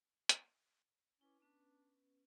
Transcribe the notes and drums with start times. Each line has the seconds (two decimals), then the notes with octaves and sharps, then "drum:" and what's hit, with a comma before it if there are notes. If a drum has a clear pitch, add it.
0.29 drum: hi-hat
1.21 C#4 E4 B4 D6
1.40 B3 C#4 D4 B4